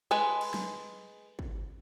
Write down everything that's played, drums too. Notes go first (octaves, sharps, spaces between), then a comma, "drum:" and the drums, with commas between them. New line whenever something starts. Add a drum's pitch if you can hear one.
G#3 A4 B4 G#5
drum: cymbal
drum: snare
drum: kick